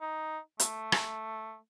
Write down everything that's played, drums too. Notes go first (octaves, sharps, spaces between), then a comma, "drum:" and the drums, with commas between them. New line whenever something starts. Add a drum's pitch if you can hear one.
D#4
A3, drum: hi-hat
drum: rim click